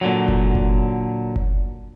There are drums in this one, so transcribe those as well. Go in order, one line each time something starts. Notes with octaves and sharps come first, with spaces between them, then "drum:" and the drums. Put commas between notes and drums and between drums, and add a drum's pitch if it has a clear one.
A#2 D3 F#3
drum: kick F#1
drum: kick F#1
drum: kick F#1